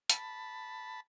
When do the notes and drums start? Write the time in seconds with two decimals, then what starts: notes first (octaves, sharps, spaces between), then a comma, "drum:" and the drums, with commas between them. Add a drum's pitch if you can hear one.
0.10 A5 B5, drum: hi-hat